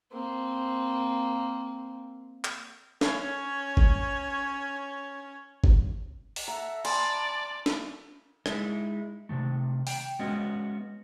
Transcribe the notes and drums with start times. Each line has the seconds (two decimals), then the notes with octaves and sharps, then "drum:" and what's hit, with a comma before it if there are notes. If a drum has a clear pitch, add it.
0.13 A#3 C4
2.44 drum: clap
3.01 C#4 C#5, drum: snare
3.77 drum: kick G1
5.64 drum: kick G1
6.36 drum: open hi-hat
6.48 A4 E5 F#5 A#5
6.85 D5 A5 C6, drum: cymbal
7.66 drum: snare
8.46 G#3 D#4 E4, drum: rim click
9.29 C3 D#3 A3
9.87 G5, drum: open hi-hat
10.19 G#3 B3 C#4 F#4 D#5